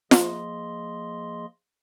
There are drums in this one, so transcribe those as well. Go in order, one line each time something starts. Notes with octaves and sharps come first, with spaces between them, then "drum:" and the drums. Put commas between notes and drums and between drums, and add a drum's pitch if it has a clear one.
F3 A#3 G#4 D#5 C6, drum: snare F4